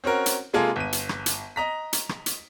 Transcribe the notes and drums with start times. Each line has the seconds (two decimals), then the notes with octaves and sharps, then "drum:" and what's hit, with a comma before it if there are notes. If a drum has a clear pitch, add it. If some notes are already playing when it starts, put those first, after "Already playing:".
0.04 C4 C#4 F#4 A#4
0.26 drum: hi-hat
0.53 C3 G#3 A#3 F4 G#4 A4
0.76 G1 D#7
0.93 drum: hi-hat
1.09 drum: rim click
1.26 drum: hi-hat
1.56 D#5 A#5 B6
1.93 drum: hi-hat
2.09 drum: rim click
2.26 drum: hi-hat